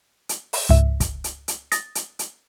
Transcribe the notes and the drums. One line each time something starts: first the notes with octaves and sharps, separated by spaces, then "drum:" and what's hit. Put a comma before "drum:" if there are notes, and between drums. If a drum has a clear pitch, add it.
drum: hi-hat
drum: open hi-hat
C#2 G#2 E5
drum: kick, hi-hat
drum: hi-hat
drum: hi-hat
D#6 A6 A#6, drum: hi-hat
drum: hi-hat
drum: hi-hat